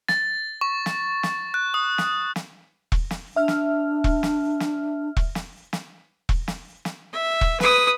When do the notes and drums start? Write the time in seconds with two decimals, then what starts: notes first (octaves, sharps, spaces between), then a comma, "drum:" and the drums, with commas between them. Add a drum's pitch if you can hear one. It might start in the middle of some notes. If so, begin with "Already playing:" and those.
0.08 A6, drum: snare
0.61 C#6
0.86 drum: snare
1.23 drum: snare
1.54 F#6
1.74 D#6
1.98 drum: snare
2.36 drum: snare
2.92 drum: kick E1
3.11 drum: snare
3.36 D4 E5 F6
3.48 drum: snare
4.04 drum: kick E1
4.23 drum: snare
4.60 drum: snare
5.17 drum: kick E1
5.35 drum: snare
5.73 drum: snare
6.29 drum: kick E1
6.48 drum: snare
6.85 drum: snare
7.13 E5
7.41 drum: kick E1
7.60 B4 D#6, drum: snare